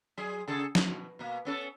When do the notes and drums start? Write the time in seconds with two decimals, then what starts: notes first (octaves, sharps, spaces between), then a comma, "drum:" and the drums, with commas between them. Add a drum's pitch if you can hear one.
0.17 F#3 G#4
0.48 C#3 G#4 A4
0.75 B2, drum: snare
1.19 B2 A#3
1.45 B3 C#4 A4